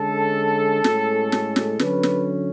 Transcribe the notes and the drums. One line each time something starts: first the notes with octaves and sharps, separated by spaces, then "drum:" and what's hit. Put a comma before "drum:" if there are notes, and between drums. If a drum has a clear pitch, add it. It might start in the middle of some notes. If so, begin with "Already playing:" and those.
Already playing: D3 G#3 C#4 A4
A2 G#3 C#4, drum: snare
drum: snare
drum: snare
D3 F#3 C#4 B4, drum: snare
drum: snare